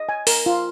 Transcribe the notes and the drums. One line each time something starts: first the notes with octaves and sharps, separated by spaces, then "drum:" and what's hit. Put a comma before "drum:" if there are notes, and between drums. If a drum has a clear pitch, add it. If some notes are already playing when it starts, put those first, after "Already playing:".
Already playing: D#5
G#5
A#4, drum: open hi-hat
F4